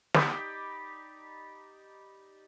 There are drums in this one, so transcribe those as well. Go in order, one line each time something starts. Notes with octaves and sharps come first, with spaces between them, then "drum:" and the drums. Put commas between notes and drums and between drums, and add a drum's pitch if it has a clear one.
D#4 G4 D5 B5, drum: snare